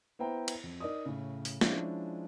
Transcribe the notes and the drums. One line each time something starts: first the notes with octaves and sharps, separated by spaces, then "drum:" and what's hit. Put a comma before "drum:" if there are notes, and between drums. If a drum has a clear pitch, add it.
B3 E4 C5 G5 A#5
drum: cymbal
F2
D#4 A#4 D5 D#5 D#6
A2 C#3
drum: open hi-hat
F3 G#3 C#4 D4 E4, drum: snare